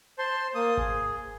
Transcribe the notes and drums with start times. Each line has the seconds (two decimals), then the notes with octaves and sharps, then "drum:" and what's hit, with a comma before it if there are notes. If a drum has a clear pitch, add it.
0.19 C5 A5 C6
0.55 A#3 D#6
0.77 G#4, drum: kick G#1